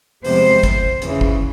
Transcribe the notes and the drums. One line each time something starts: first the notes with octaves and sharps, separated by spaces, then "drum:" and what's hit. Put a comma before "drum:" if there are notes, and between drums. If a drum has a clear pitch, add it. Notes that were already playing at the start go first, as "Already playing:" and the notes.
E2 C3 F3 G#3 B3 C5, drum: open hi-hat
drum: kick, hi-hat
E2 C#3 E3, drum: hi-hat
drum: kick